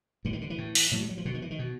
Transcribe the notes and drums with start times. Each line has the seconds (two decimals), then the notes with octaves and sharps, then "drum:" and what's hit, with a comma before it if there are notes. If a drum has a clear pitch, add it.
0.25 A2 D3
0.33 D#3
0.41 D3
0.50 E3
0.58 A2
0.75 drum: open hi-hat
0.91 A2 F#3
1.01 G3
1.09 F#3
1.18 F3
1.25 B2 D3
1.34 D#3
1.42 E3
1.50 D#3
1.59 B2